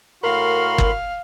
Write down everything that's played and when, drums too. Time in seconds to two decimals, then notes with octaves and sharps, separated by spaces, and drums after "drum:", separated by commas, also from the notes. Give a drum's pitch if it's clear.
0.23 A2 F#4 A#4 F5 B5 C6
0.78 drum: kick G1